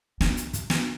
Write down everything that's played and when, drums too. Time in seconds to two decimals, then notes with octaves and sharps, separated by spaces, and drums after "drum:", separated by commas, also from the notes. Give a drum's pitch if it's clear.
0.21 D4, drum: snare
0.37 drum: hi-hat
0.53 drum: kick, hi-hat
0.70 drum: snare